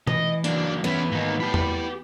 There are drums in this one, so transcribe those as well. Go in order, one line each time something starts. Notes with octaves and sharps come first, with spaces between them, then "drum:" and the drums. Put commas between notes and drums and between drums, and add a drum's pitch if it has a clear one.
E3 D#5, drum: tom B2
F#3 A#3 D4, drum: hi-hat
E2 B3 C#4 E4 B4
G#2 D#3 A#3 D#4
E4 G4 A5 B5
drum: tom E2